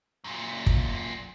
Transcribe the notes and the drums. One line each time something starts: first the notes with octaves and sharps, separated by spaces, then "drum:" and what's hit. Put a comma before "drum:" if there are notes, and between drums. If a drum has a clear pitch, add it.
F#2 A#2
drum: kick